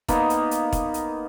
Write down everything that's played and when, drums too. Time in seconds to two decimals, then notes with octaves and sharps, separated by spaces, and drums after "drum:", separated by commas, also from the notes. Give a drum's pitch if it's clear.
0.08 A#3 B3 D#4, drum: kick E1, hi-hat
0.30 drum: hi-hat
0.51 drum: hi-hat
0.73 drum: kick E1, hi-hat
0.94 drum: hi-hat